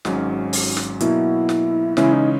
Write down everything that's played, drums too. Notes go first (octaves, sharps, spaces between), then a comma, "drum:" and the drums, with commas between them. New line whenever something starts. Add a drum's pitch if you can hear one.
G#1 G#2 F#3 C#4, drum: snare
drum: open hi-hat
drum: snare
B2 F#3 A#3 E4, drum: hi-hat
drum: snare
C#3 E3 G#3 C#4 E4, drum: snare
D#4